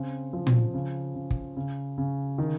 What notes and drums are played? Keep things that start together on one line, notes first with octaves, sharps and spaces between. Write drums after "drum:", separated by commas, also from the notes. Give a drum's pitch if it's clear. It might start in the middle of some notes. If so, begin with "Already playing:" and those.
Already playing: C#3 C4
F3
drum: tom A#2
C#3
C#3
drum: kick
C#3
C#3
D#3